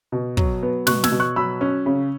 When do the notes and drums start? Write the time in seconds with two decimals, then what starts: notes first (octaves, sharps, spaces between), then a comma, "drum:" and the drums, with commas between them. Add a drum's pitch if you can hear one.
0.12 B2
0.37 F#3, drum: kick
0.63 B3
0.87 B2 C#6 F#6, drum: snare
1.04 E6 G#6, drum: snare
1.12 B2
1.20 C#6 F#6
1.36 F#3 B5 E6
1.61 C#4
1.86 C#3